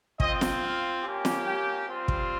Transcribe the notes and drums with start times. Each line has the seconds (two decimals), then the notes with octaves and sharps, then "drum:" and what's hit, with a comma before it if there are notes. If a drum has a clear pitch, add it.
0.20 C4 F4 D#5, drum: kick
0.41 drum: snare
0.62 F5
1.04 A#3 C#4 G4
1.25 drum: snare
1.46 G5
1.87 G3 C4 F4
2.08 drum: kick